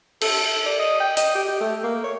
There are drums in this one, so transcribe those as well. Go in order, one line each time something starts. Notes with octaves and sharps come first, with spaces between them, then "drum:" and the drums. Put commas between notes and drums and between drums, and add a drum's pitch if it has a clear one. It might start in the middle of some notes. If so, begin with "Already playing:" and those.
A4, drum: cymbal
D5
D#5
G5
D#5, drum: hi-hat
G4
G4
A3
A#3
C#5